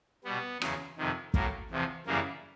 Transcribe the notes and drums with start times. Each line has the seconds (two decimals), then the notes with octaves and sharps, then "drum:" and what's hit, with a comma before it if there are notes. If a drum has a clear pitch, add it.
0.24 B2 G3 B3
0.61 E2 C#3 F#3, drum: rim click
0.98 F2 C3 D#3
1.34 A2 F#3 A#3, drum: kick
1.71 E2 C3 F3
2.06 F#2 C#3 E3 G3 A#3